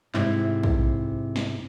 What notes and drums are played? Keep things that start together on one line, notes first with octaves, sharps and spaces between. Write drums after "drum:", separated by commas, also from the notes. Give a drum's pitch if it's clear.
G#2 C3 E4, drum: clap
drum: kick
drum: snare